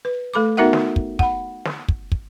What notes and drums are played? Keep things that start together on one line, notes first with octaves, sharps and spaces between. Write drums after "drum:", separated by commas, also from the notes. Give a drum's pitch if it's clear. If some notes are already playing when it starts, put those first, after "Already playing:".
B4
A3 A4 B5 D6
B3 D#4 F#4 A#4 E5 F#5
drum: snare
drum: kick
F#5 B5, drum: kick
drum: snare
drum: kick
drum: kick